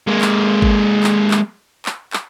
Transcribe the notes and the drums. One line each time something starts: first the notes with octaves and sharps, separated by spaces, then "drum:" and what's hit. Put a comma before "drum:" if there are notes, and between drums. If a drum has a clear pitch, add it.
G#3 A#3
drum: clap
drum: kick
drum: clap
drum: clap
drum: clap
drum: clap